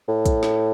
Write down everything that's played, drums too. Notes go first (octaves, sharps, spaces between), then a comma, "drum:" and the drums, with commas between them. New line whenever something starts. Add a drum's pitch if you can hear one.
A2
drum: kick, hi-hat
drum: snare